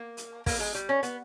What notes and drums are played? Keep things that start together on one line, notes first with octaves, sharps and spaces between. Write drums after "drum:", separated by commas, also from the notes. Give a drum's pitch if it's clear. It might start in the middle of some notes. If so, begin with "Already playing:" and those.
Already playing: A#3
drum: hi-hat
A#3, drum: kick, open hi-hat
G#3
G3, drum: hi-hat
C#4
B3, drum: hi-hat